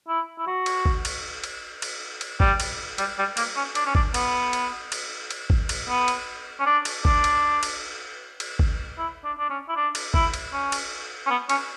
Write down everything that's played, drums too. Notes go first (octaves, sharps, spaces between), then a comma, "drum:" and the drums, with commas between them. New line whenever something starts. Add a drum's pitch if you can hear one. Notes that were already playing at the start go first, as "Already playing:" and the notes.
E4
E4
F#4
drum: cymbal
drum: kick G#1
drum: cymbal
drum: cymbal
drum: cymbal
drum: cymbal
G3, drum: kick G#1
drum: cymbal
G3, drum: cymbal
G3
A#3, drum: cymbal
C#4
D4, drum: cymbal
C#4
D4, drum: kick G#1
B3, drum: cymbal
drum: cymbal
drum: cymbal
drum: cymbal
drum: kick G#1
drum: cymbal
B3
drum: cymbal
C#4
D4
drum: cymbal
D4, drum: kick G#1
drum: cymbal
drum: cymbal
drum: cymbal
drum: kick G#1
E4
D4
D4
C#4
E4
D4
drum: cymbal
E4, drum: kick G#1
drum: cymbal
C#4
drum: cymbal
C#4
B3
C#4, drum: cymbal